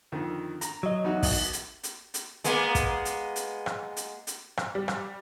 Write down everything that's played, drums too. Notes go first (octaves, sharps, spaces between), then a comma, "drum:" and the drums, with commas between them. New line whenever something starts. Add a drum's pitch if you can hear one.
F2 D3 D#3
A#5, drum: hi-hat
F#3 D#5
E2 D#4 F#4
drum: kick, open hi-hat
drum: hi-hat
drum: hi-hat
drum: hi-hat
G#3 A#3 B3, drum: hi-hat
drum: kick, hi-hat
drum: hi-hat
drum: hi-hat
drum: rim click
drum: hi-hat
drum: hi-hat
drum: rim click
G3
drum: rim click